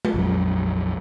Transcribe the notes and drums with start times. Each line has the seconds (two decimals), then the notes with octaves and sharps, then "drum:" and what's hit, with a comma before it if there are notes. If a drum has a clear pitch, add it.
0.05 drum: tom G#3
0.14 A#1 F2 F#3